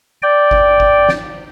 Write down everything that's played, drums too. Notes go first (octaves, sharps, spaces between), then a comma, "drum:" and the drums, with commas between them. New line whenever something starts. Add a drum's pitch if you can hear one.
D5 G5
drum: kick G1
drum: kick G1
drum: snare